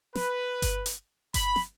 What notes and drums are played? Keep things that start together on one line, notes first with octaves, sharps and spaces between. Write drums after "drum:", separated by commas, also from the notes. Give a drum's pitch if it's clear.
B4, drum: snare
drum: kick G1, hi-hat
drum: hi-hat
B5, drum: kick G1, hi-hat
drum: snare